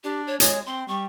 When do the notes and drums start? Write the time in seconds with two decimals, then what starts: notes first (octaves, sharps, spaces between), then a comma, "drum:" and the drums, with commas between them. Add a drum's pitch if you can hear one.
0.04 D4 G4
0.27 C#5
0.40 G#3 C#5, drum: hi-hat
0.66 C4 C6
0.88 G3 C#6